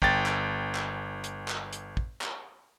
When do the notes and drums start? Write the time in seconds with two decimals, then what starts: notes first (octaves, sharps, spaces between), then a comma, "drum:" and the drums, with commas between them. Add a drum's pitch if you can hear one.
0.02 G1 G5 A6, drum: kick
0.26 drum: clap
0.75 drum: clap
1.24 drum: hi-hat
1.48 drum: clap
1.73 drum: hi-hat
1.97 drum: kick
2.21 drum: clap